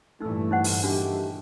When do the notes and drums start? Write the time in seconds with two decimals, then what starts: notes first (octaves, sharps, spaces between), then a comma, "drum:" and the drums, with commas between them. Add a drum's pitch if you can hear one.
0.21 G2 A#2 E3 A3 D#4 E6
0.51 D#4 C5 F#5
0.64 drum: open hi-hat
0.83 D#3 A3 D4 F#4 G4